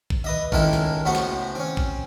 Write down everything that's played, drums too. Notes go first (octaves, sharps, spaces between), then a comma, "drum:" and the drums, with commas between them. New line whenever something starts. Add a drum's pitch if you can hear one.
drum: kick
B4 D#5 E5
C#2 D#3 G#3 E4 A4 G5, drum: kick
drum: snare
A2 C#3 B3 F#4 C5
drum: snare
C4 C#4
drum: kick